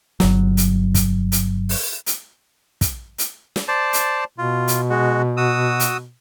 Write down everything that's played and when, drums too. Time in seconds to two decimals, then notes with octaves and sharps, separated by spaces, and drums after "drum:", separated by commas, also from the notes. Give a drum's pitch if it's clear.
0.20 G1 F#3, drum: snare
0.57 drum: hi-hat
0.95 drum: kick, hi-hat
1.32 drum: hi-hat
1.69 drum: open hi-hat
2.06 drum: hi-hat
2.81 drum: kick, hi-hat
3.18 drum: hi-hat
3.56 drum: snare
3.68 C5 D5 A5
3.93 drum: hi-hat
4.38 B2 F4
4.68 drum: hi-hat
4.90 G#3 F#4
5.37 F#4 D#6 E6
5.80 drum: hi-hat